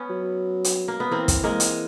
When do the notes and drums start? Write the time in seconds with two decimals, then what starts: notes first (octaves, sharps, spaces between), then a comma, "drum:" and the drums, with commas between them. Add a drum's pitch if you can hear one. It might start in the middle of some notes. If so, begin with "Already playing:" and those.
Already playing: B3 C#4
0.09 F#3
0.64 drum: hi-hat
0.88 A#3
1.00 B3
1.12 E3 A#3 C4
1.28 drum: kick, hi-hat
1.44 G#3 A#3
1.60 drum: hi-hat